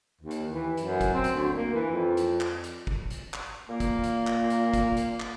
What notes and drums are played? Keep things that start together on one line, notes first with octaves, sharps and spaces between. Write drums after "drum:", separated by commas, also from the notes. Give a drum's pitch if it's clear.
D#2
drum: hi-hat
E3
F#2, drum: hi-hat
drum: kick, hi-hat
C4
drum: hi-hat
D2
A#3
E3
F2
drum: hi-hat
drum: clap
drum: hi-hat
drum: kick
drum: hi-hat
drum: clap
A#2 A#3
drum: kick, hi-hat
drum: hi-hat
drum: clap
drum: hi-hat
drum: kick, hi-hat
drum: hi-hat
drum: clap